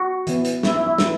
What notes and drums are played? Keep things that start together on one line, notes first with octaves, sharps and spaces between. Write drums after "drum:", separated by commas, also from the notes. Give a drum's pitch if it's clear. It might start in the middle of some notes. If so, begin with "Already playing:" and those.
Already playing: F#4
E3 B3, drum: hi-hat
drum: hi-hat
E4, drum: snare
E4
E4
E3 A3 E4, drum: snare